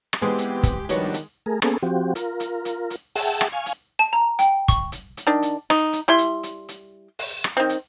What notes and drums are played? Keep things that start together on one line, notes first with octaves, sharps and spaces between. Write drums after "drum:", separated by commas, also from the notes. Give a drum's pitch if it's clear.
drum: rim click
E3 G#3 B3 C4 G4
drum: hi-hat
drum: kick, hi-hat
D#3 F3 G3 B3 D4 F#4 C#5, drum: hi-hat
drum: hi-hat
A3 G#4 A#4
A#3 B3 C#4 G#4 A4, drum: rim click
F3 C4 F#4 G4
F4 A#4, drum: hi-hat
drum: hi-hat
drum: hi-hat
drum: hi-hat
G#4 E5 F#5 G5 A5, drum: open hi-hat
drum: rim click
F5 G#5 C#6
drum: hi-hat
A5
A#5
G5, drum: hi-hat
C#6, drum: kick, hi-hat
drum: hi-hat
drum: hi-hat
D#3 D4
drum: hi-hat
D#4, drum: rim click
drum: hi-hat
G3 E4 C6
drum: hi-hat
drum: hi-hat
drum: hi-hat
drum: open hi-hat
drum: rim click
D#3 C4
drum: hi-hat